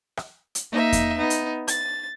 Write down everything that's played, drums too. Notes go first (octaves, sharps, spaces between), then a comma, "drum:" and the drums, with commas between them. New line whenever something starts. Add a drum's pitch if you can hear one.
drum: rim click
drum: hi-hat
A#3 D#4 E5
drum: kick E2, hi-hat
B3 D#4
drum: hi-hat
A6, drum: hi-hat